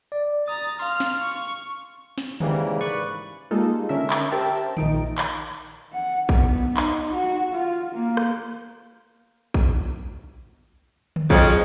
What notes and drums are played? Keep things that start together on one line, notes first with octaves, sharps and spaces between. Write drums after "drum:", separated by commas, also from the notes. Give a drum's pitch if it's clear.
D5
A#5 D#6 A6
F5 C6 F6, drum: open hi-hat
drum: snare
C#6
drum: snare
G#2 C#3 E3 G3 A#3, drum: tom D3
B4 D5 C#6
G3 G#3 A#3 D#4 F4 A4
D3 C#4 A#4 E5
drum: clap
G4 A#4 C5 E5 G5 A5
A#1 D#3 D#4 D7, drum: tom D3
drum: clap
F#5
B3, drum: kick A#1
D#4, drum: clap
F#4
F4
A#3
drum: rim click
drum: kick A#1
drum: tom D3
F2 C#3 F#3 D#5, drum: kick A#1